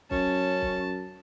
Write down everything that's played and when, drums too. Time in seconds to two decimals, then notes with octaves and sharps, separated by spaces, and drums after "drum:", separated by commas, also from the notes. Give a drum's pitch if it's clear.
0.11 F#2 C#4 A5, drum: kick B1
0.62 drum: kick B1